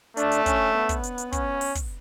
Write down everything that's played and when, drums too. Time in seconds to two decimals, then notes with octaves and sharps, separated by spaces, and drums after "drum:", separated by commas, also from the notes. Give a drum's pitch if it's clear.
0.17 A3 D4, drum: hi-hat
0.31 drum: hi-hat
0.46 C#4, drum: kick, hi-hat
0.75 B3
0.89 drum: kick, hi-hat
1.03 drum: hi-hat
1.18 drum: hi-hat
1.32 C#4, drum: kick, hi-hat
1.61 drum: open hi-hat
1.75 drum: kick, hi-hat